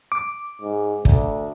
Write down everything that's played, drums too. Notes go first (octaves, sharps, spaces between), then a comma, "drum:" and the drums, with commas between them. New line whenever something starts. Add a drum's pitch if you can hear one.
D6
G#2
D2, drum: kick